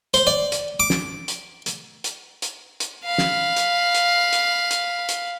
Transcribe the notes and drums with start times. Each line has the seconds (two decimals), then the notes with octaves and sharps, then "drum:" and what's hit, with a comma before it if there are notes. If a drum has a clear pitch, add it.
0.14 C5, drum: hi-hat
0.27 D5
0.52 drum: hi-hat
0.80 D6
0.90 drum: snare
1.28 drum: hi-hat
1.66 drum: hi-hat
2.04 drum: hi-hat
2.42 drum: hi-hat
2.80 drum: hi-hat
3.05 F5 B5
3.18 drum: snare
3.56 drum: hi-hat
3.95 drum: hi-hat
4.33 drum: hi-hat
4.71 drum: hi-hat
5.09 drum: hi-hat